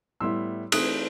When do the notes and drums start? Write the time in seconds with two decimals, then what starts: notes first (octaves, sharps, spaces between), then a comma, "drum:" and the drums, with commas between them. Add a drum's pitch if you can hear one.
0.20 A2 G3 B3 E4 C6 E6
0.72 E3 A3 C4 D#4 D#6 F#6, drum: cymbal